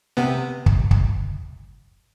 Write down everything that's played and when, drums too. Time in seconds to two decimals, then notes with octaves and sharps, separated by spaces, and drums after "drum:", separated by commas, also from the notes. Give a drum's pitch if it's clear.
0.17 C3 B3
0.66 drum: kick
0.91 drum: kick